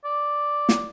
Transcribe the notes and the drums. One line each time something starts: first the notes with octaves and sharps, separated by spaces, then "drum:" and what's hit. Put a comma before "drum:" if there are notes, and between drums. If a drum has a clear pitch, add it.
D5
drum: snare